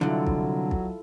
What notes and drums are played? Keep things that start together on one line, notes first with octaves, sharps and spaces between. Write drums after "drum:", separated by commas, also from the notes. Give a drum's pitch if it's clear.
C2 D3 F#3 E4 F4 A4
drum: kick
drum: kick